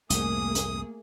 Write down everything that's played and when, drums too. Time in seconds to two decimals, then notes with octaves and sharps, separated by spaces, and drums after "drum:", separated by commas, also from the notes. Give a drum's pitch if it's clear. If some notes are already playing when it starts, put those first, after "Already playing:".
0.10 C2 F2 G#2 A3 A#3 G#4 D#6, drum: hi-hat
0.55 drum: hi-hat